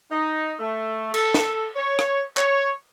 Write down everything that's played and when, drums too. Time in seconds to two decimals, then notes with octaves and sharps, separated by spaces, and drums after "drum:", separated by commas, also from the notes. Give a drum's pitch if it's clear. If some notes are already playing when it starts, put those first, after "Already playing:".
0.11 D#4
0.60 A3
1.14 A4, drum: cymbal
1.34 drum: snare
1.76 C#5
1.99 drum: rim click
2.37 C#5, drum: clap